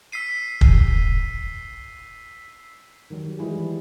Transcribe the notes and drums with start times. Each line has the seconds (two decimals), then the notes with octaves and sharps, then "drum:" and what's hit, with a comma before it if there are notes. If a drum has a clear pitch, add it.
0.12 E6 B6 C7 D#7
0.61 drum: kick
3.10 D#3 F#3 G3
3.39 E3 G3 G#3 E4 G#4